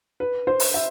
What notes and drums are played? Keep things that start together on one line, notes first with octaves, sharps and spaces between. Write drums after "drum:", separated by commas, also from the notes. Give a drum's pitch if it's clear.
B4
C5
drum: open hi-hat
E5